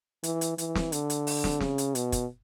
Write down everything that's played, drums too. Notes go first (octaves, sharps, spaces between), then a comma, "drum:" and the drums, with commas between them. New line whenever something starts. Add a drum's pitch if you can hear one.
E3, drum: hi-hat
drum: hi-hat
E3, drum: hi-hat
drum: snare
D3, drum: hi-hat
drum: hi-hat
drum: open hi-hat
drum: snare
C#3, drum: snare
drum: hi-hat
B2, drum: hi-hat
drum: kick, hi-hat